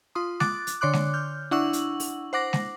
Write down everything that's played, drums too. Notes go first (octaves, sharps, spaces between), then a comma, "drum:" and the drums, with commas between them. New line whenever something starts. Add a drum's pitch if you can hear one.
F4 C6 D#6
D6 F#6 A6, drum: snare G#3
drum: hi-hat
D3 C#5 C6 D6 F#6
drum: snare G#3
F6 G6
D4 E4 F#5 C#6 E6 F#7
drum: hi-hat
drum: open hi-hat
C5 F#5 D6 A#6
drum: snare G#3